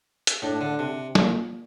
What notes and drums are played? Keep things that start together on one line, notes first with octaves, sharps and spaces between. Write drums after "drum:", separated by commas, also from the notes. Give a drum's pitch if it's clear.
drum: hi-hat
A2 D4
D3
C3
A#2, drum: snare